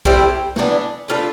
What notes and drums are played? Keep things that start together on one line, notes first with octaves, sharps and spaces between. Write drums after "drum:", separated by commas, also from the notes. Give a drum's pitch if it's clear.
A2 G3 C4 E4, drum: kick B1
E3 B3 D4, drum: snare
A3 D4 F4 B4